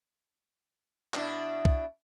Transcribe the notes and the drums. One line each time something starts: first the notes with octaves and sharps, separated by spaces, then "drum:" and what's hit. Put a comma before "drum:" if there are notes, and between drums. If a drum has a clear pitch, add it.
B2 D4 E4, drum: clap
drum: kick